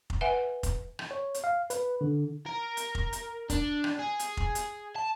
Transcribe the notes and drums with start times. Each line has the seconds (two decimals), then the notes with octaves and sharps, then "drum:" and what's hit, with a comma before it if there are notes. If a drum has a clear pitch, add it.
0.10 drum: kick F1
0.21 B4 E5 F#5 G#5
0.63 drum: kick F1, hi-hat
0.99 drum: rim click
1.11 C#5
1.34 drum: hi-hat
1.44 F5
1.70 B4, drum: hi-hat
2.01 D3
2.46 A#4
2.77 drum: hi-hat
2.95 drum: kick F1
3.13 drum: hi-hat
3.50 D4, drum: kick F1, hi-hat
3.84 drum: rim click
3.99 G#4
4.19 drum: hi-hat
4.37 drum: kick F1
4.55 drum: hi-hat
4.96 A5